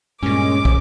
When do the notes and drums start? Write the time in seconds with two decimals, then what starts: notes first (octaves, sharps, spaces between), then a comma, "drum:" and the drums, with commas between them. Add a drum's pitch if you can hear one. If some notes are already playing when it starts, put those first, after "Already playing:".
0.23 G2 A#2 G#3 C#4 D6
0.65 drum: kick